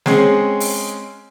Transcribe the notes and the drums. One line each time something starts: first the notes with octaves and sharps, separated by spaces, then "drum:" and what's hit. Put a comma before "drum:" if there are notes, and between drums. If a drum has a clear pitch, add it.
G#3 C4 C#4 G#4, drum: snare
drum: open hi-hat